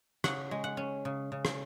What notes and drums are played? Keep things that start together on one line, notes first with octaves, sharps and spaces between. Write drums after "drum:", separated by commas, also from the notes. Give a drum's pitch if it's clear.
C#3 F#5, drum: rim click
G#3
F#5
C#4
C#3
C#3
drum: rim click